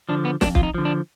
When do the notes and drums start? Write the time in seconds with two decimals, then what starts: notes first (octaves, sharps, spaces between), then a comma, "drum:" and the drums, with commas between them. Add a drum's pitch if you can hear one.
0.09 D3 F3 D4
0.25 B3
0.41 F2 D4, drum: snare
0.55 F4, drum: kick
0.63 D#4
0.74 D3 F3
0.85 D4